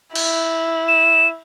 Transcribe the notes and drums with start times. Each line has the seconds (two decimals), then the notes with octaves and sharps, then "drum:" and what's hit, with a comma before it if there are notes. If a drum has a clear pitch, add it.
0.15 E4, drum: cymbal
0.88 E7